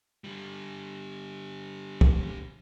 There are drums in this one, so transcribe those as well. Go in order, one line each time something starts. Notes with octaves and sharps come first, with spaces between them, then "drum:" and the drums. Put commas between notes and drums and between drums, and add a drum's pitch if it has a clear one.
D3 G3
drum: kick